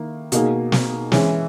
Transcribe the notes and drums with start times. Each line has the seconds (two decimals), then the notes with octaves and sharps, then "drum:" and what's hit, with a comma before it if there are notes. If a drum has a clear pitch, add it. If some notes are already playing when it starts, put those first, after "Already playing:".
Already playing: D#3 A#3 E4
0.32 B2 A#3 D#4 G#4, drum: hi-hat
0.72 drum: snare
1.12 E3 G#3 C#4 E4, drum: snare